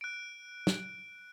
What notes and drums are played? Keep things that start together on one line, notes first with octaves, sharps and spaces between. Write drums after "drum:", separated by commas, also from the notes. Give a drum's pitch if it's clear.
F#6 D7
drum: snare